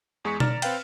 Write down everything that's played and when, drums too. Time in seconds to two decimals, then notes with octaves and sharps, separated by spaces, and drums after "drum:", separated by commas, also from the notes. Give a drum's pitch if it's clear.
0.25 E2 G#3 G#4 C#6 B6 C#7
0.40 D5 A#5 F6 A6 E7, drum: tom B2
0.62 C4 B4 F5 G5, drum: cymbal